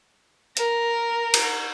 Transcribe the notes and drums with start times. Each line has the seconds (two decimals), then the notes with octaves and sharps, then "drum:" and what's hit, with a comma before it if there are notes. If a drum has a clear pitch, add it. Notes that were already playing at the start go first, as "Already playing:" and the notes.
0.57 A#4, drum: hi-hat
1.34 drum: cymbal